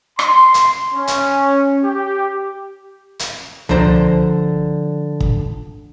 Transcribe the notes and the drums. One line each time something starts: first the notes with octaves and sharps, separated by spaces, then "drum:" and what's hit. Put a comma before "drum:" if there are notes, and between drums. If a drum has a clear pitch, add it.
C6, drum: rim click
drum: hi-hat
C#4
drum: hi-hat
G4
drum: hi-hat
D3 F3 C5 A#5, drum: tom C#2
drum: kick